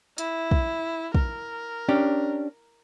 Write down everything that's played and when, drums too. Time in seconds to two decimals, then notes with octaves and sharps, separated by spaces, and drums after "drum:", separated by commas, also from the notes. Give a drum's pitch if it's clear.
0.18 E4, drum: hi-hat
0.51 drum: kick
1.14 A#4, drum: kick
1.89 C#4 D4 G4